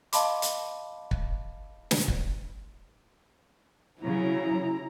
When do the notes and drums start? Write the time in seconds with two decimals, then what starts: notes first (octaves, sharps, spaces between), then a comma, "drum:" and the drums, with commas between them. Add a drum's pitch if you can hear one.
0.13 D#5 F5 A5 B5 C6 D6, drum: hi-hat
0.42 drum: hi-hat
1.11 drum: kick
1.91 drum: snare
2.08 drum: kick
4.01 C#3 F#3 E4 A#5